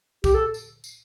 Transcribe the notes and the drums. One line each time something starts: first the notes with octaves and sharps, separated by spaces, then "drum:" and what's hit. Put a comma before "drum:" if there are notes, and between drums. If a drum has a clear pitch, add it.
G4, drum: kick, tambourine
A4
drum: tambourine
drum: tambourine